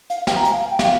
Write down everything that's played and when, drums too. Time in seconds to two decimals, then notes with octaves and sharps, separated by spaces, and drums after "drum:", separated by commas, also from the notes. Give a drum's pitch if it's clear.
0.10 F5, drum: hi-hat
0.27 G5, drum: snare
0.37 A#5
0.45 G#5, drum: hi-hat
0.54 F5
0.71 G5
0.79 F5, drum: snare